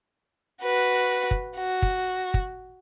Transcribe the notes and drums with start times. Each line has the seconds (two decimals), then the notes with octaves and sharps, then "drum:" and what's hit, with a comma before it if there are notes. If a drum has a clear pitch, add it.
0.62 F#4 B4
1.31 drum: kick
1.57 F#4
1.82 drum: kick
2.34 drum: kick